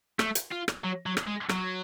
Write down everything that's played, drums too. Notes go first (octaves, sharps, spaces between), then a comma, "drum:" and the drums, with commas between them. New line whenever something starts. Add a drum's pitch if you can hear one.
A3, drum: rim click
drum: hi-hat
F4
drum: rim click
F#3
F#3
drum: rim click
G#3
F#3, drum: rim click